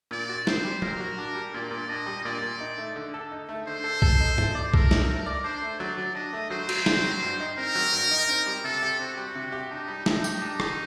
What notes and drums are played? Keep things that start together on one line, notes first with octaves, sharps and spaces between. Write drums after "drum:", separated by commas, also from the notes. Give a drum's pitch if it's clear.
A#2 D5
F#4
C4 C5, drum: snare
G3
A#2 A#4, drum: tom
F#4
D4
G3
A#2 D5
A#2
D4 D#5
G3
A#2 D5
A#2
D#4
A3
D3
A4
D#4
A3
D3 C5
A4
A4, drum: kick C2
D#4
A3, drum: tom G2
D5
A4 A#4, drum: kick C2
D#4, drum: snare
A3 A#4
D5
D4 C5
A3
F#3 D5
F#3
D4 D#5
A3
F#3 C5
F#3, drum: cymbal
C4, drum: snare
F#3
G2
D#4
C4 A#4
F#3
G2
D#4
C4
G3
C3 A4
G4
C4 F#4
G3
C3
G4
D4 D#4
G3
A2 D#4, drum: snare
G4, drum: tambourine
D4
G3, drum: rim click